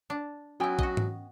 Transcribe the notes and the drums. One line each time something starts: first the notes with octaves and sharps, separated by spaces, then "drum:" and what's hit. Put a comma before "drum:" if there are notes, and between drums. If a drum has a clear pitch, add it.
D4
F#3 B3 C#4 E4 G5 G#5
F#4 D#5, drum: kick
drum: tom G#2